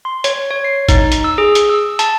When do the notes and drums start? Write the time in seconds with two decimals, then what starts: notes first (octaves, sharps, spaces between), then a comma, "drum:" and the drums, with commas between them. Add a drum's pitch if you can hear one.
0.05 C6
0.24 C#5, drum: hi-hat
0.51 C#5
0.64 C7
0.89 D#4, drum: kick, hi-hat
1.12 drum: hi-hat
1.24 E6
1.38 G#4
1.55 drum: hi-hat
1.69 E6
1.99 A5, drum: hi-hat